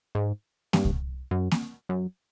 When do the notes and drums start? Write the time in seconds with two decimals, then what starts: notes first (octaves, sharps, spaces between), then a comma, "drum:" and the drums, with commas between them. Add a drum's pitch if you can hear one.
0.15 G#2
0.73 G2, drum: snare A#3
0.85 drum: kick C2
1.31 F#2
1.51 drum: snare A#3
1.89 F#2